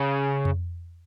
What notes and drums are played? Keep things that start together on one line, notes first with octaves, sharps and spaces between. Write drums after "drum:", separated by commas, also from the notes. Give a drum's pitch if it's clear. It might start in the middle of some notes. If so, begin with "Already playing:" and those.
Already playing: C#3
drum: tom F2